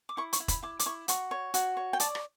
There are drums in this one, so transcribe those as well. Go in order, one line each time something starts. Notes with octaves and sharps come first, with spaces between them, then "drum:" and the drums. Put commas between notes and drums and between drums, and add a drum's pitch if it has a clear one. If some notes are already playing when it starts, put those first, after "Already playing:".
D6
E4 C#6
C#6, drum: hi-hat
E4
B5, drum: kick F1, hi-hat
E4 D6
D6, drum: hi-hat
E4 C#6
F#4 C#6, drum: hi-hat
C#5
F#4, drum: hi-hat
C#5
G5
D5 A5, drum: hi-hat
drum: rim click